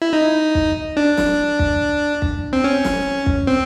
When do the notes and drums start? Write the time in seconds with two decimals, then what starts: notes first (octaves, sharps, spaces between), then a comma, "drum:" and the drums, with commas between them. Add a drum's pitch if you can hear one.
0.02 E4
0.13 D#4
0.55 drum: kick
0.97 D4
1.17 drum: snare
1.59 drum: kick
2.22 drum: kick
2.53 C4
2.64 C#4
2.85 drum: snare
3.26 drum: kick
3.47 C4